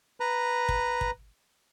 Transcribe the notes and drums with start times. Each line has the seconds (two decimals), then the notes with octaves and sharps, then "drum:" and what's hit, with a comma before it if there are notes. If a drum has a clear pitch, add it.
0.20 B4 A#5
0.69 drum: kick
1.01 drum: kick